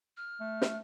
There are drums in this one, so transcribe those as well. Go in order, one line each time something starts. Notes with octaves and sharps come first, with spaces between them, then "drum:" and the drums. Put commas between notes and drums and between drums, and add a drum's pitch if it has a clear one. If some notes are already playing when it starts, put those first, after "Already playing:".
F6
A3
drum: snare